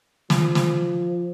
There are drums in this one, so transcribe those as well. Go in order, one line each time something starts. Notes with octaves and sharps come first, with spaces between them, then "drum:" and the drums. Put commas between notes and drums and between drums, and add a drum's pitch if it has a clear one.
F3, drum: snare
drum: snare